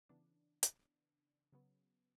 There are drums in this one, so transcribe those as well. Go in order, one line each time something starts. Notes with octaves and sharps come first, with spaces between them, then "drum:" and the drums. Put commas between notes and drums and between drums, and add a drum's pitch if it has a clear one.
C#3 E3 B3 D4
drum: hi-hat
C#3 F#3 B3